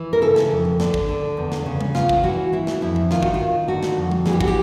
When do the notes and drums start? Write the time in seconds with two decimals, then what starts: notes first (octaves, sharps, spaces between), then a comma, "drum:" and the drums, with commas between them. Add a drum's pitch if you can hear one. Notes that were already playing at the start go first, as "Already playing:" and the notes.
Already playing: E3
0.13 A#4
0.21 C#3 A4
0.36 drum: snare
0.51 F2
0.65 drum: tom B2
0.80 D3, drum: snare
0.94 drum: kick
1.09 D3
1.37 E2
1.52 drum: snare
1.66 C#3
1.81 drum: tom G3
1.95 E2 F4, drum: snare
2.09 drum: kick
2.23 E3 F#4
2.53 E3 E4
2.67 drum: snare
2.81 F2 E4
2.96 drum: tom F2
3.11 D#3 F4, drum: snare
3.23 F#4, drum: kick
3.34 F4
3.40 D#3
3.68 D3 F#4
3.83 drum: snare
3.97 F2
4.11 drum: tom G3
4.26 E3 G#4, drum: snare
4.33 G4
4.41 F#4, drum: kick
4.47 G4